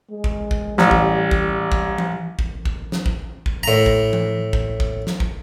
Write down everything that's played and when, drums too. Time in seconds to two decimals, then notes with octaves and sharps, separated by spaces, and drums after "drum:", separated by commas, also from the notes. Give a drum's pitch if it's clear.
0.11 G#3
0.24 drum: kick
0.51 drum: kick
0.78 A1 G3, drum: snare
0.91 drum: kick
1.31 drum: kick
1.72 drum: kick
1.98 drum: tom E3
2.39 drum: kick
2.65 drum: kick
2.92 drum: snare
3.06 drum: kick
3.46 drum: kick
3.63 A2 A#5
3.86 drum: kick
4.13 drum: tom E3
4.53 drum: kick
4.80 drum: kick
5.07 drum: snare
5.20 drum: kick